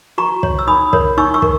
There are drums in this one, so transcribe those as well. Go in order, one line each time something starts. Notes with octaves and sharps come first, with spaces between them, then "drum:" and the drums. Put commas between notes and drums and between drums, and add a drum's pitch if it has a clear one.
F#4 A#5 C#6
C#5, drum: kick
E6
D#4 B5 D#6
A#4 C#5, drum: kick
D#4 C#6 E6
C#6 E6
A#4, drum: kick